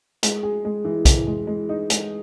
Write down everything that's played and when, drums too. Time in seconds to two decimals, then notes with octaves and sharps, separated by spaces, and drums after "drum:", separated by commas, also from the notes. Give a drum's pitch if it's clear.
0.23 G#3, drum: hi-hat
0.43 G#4
0.65 G#3
0.85 E3
1.05 E3, drum: kick, hi-hat
1.27 G#3
1.47 G#3
1.69 D#4
1.90 G#3, drum: hi-hat